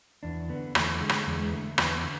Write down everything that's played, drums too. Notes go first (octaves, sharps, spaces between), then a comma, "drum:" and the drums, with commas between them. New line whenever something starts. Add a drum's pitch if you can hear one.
E2 D4
D3 B3
E2 A3, drum: rim click
D3 G#3
drum: rim click
E2 G#3
G#3
D3 A3
A3
E2 B3, drum: rim click
D3